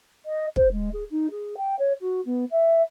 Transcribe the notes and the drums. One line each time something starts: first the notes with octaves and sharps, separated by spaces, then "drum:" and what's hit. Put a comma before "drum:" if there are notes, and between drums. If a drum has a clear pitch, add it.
D#5
C5, drum: kick
G#3
G#4
D#4
G#4
G5
C#5
F#4
B3
E5